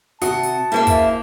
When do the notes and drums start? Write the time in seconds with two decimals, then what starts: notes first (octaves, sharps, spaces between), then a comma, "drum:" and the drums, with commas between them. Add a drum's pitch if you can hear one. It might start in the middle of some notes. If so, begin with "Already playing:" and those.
0.22 C3 F#4 F#5 A5 D#6 C#7, drum: hi-hat
0.43 drum: hi-hat
0.72 C#3 A#3 E4 C5 E5
0.87 drum: kick, hi-hat